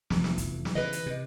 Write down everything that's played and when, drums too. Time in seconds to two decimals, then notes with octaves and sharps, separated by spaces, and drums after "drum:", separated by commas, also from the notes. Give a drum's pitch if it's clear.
0.10 F1 F2 E3, drum: snare
0.24 drum: snare
0.38 drum: kick, hi-hat
0.65 drum: snare
0.75 C#3 E3 B4 D#5
0.93 drum: hi-hat
1.06 C3